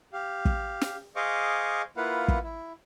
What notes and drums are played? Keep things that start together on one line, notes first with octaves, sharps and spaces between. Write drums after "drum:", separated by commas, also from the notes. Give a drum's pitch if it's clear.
G4 F5
drum: kick
drum: snare
G#4 C5 D#5 F5 C#6 D6
A#3 E4 F4 B4 F5 F#5
drum: kick
E4